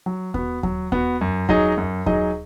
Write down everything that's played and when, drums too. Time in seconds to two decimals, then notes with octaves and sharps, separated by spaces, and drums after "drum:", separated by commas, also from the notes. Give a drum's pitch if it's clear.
0.06 F#3
0.34 B3 F#4, drum: kick D#2
0.63 F#3, drum: kick D#2
0.92 B3 F#4, drum: kick D#2
1.21 F#2
1.49 F#3 D#4 G#4 D#5, drum: kick D#2
1.77 F#2
2.06 F#3 D#4 G#4 D#5, drum: kick D#2